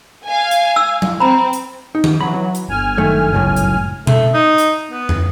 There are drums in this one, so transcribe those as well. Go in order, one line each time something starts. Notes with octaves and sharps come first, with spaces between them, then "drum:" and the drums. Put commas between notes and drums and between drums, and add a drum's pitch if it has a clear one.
F5 G#5
drum: hi-hat
E6
drum: tom F#3
C4 A#5 B5
drum: hi-hat
D#4
drum: tom D#3
E3 F#3 B5
drum: hi-hat
G1 G#5 F6
F#2 D#3 A3
C#2 F#2 A2
drum: hi-hat
A3, drum: tom B2
D#4
drum: hi-hat
B3
drum: tom